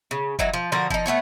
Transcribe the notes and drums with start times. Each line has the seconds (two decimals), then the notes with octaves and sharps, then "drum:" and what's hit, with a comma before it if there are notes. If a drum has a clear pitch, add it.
0.11 C#3
0.39 E3 F#3 D#4, drum: kick F#1
0.53 F3
0.72 D3 F3 F#4 A#4
0.90 F3 D#4, drum: kick F#1
1.06 A3 B3 F#4 C#5